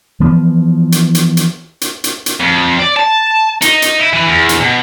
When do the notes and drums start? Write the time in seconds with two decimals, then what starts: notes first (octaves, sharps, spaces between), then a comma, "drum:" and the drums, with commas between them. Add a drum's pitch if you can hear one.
0.20 E3 F3 B3
0.92 drum: hi-hat
1.15 drum: hi-hat
1.37 drum: hi-hat
1.81 drum: hi-hat
2.04 drum: hi-hat
2.26 drum: hi-hat
2.40 F2
2.79 D5
2.97 A5
3.62 D#4, drum: hi-hat
3.82 drum: hi-hat
4.00 E4
4.13 E3
4.27 E2
4.49 drum: hi-hat
4.61 B2